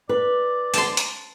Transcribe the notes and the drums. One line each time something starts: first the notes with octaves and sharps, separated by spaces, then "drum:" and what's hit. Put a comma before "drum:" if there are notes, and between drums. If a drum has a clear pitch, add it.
B4 D5
A5 C6, drum: open hi-hat
drum: hi-hat